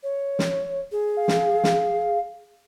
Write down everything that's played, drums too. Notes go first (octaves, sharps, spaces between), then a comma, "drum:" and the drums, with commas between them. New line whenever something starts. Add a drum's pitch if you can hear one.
C#5
drum: snare
G#4
F5
drum: snare
drum: snare